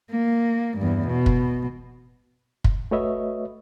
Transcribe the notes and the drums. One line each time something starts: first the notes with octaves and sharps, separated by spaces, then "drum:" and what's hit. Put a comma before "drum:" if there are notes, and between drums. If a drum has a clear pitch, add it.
A#3
E2 G2
B2
drum: kick
drum: kick
A3 F#4 B4 C#5 D#5 E5